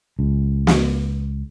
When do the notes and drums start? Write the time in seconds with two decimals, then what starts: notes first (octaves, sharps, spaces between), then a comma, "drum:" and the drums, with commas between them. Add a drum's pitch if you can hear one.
0.19 C#2
0.67 drum: snare